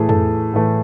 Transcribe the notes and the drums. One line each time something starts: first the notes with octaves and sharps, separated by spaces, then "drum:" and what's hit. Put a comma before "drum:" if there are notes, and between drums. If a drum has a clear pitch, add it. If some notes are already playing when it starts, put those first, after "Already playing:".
Already playing: A2 E3 A3 G#4
A4 A5, drum: tom
A2 E3 A3